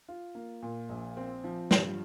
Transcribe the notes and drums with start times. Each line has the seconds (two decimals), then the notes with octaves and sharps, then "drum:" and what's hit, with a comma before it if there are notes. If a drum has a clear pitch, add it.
0.08 F4
0.35 A#3
0.62 A#2
0.89 A#1
1.17 C4
1.44 F3
1.71 G2, drum: snare